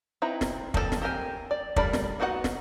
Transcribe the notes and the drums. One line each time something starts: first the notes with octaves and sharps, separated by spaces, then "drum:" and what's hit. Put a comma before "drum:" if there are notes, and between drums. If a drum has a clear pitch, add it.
C4 D#4 E4 B4 A#5
drum: snare
F3 A#3 C4 E4 A4, drum: kick
drum: snare
C4 G4 A#4 G#5
D5
G3 A3 A#4 D5 B5, drum: kick
drum: snare
B3 D#4 F#4 C#5 F#5
drum: snare